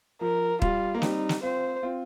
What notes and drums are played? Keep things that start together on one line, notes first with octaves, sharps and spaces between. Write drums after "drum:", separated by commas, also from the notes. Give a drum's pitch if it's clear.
F3 A#4
G3 F4, drum: kick
A#3
G3 C4 D#4, drum: snare
drum: snare
C4 F4 C5
C4 F4